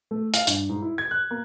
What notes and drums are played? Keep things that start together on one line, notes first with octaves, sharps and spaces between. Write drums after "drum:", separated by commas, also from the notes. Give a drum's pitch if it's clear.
A3
F5, drum: hi-hat
G2, drum: hi-hat
G#2
E4
G#6
F#6
A#3